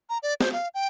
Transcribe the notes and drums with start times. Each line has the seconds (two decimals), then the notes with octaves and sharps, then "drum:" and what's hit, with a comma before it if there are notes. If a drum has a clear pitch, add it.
0.10 A#5
0.23 D5
0.41 C5, drum: snare
0.53 F5
0.74 G5